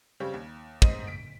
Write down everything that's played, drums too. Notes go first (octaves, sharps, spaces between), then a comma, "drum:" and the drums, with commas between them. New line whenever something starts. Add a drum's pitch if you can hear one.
C#3 G3 C4 C#4 G4
D#2
G#2 C4 D#5 D#7, drum: kick
B6 D7